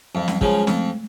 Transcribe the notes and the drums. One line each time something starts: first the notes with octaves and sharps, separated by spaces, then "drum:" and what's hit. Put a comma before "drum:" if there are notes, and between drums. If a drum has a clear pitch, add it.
F2 F#3
G3, drum: snare
C#3 F3 G#3, drum: kick
G#3
F2 A3, drum: snare